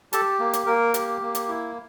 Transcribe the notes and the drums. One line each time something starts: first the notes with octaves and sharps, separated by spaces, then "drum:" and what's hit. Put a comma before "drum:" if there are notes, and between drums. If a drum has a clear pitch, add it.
G4 A4 A5, drum: hi-hat
A#3
drum: hi-hat
A#3 A#4
G4, drum: hi-hat
A#3
drum: hi-hat
E4